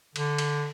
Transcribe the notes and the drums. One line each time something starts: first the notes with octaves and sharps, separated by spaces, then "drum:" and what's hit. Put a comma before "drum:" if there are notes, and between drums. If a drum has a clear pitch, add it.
D3, drum: cymbal
drum: cymbal